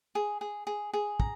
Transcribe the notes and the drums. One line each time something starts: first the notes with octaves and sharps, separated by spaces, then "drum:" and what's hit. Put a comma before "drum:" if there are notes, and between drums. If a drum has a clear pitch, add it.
G#4
G#4
G#4
G#4
A#5, drum: kick